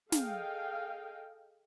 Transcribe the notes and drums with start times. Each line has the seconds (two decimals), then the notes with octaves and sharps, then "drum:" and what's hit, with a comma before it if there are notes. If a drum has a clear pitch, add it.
0.12 G#4 A4 D#5 F5 G5, drum: snare